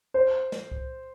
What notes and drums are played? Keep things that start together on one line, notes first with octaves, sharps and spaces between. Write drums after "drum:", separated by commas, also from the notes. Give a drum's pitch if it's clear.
C5
drum: snare
drum: kick C2